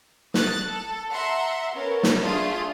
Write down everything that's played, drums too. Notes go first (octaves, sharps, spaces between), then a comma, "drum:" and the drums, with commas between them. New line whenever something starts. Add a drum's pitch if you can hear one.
D#6 F#6 A6, drum: snare
A4
E5 F#5 A#5 C6
B3 C#4 A#4
drum: snare
A3 D4 F4 G#4 C6 D#6